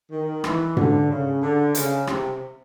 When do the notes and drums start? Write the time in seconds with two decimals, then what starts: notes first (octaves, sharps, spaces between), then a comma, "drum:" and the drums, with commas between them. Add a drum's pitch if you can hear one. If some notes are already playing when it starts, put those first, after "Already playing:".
0.11 D#3
0.44 E3, drum: rim click
0.77 D3, drum: tom
1.10 C#3
1.41 D3
1.75 C#3, drum: hi-hat
2.07 C3, drum: rim click